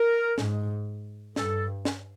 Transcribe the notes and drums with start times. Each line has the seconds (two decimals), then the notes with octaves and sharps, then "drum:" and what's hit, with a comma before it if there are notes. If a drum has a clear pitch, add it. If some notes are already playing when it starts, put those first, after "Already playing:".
Already playing: A#4
0.38 G#2, drum: snare
1.36 G2 A4, drum: snare
1.85 drum: snare